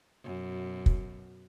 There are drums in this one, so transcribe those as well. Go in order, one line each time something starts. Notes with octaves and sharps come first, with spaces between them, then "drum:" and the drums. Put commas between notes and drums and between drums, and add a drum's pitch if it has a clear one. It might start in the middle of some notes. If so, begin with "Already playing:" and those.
F#2 B2
drum: kick